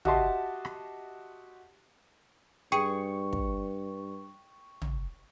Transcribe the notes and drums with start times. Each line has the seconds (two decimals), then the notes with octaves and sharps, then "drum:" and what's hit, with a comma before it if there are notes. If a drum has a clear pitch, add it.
0.05 F#4 G4 D#5 E5 A5 C6, drum: tom
0.65 drum: rim click
2.72 G2 G#4 G5 C#6
3.33 drum: kick
4.82 drum: tom